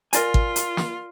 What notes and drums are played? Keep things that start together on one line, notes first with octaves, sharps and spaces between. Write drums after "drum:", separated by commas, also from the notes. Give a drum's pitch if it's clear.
F4 A#4 D5 G#5, drum: hi-hat
drum: kick
drum: hi-hat
drum: snare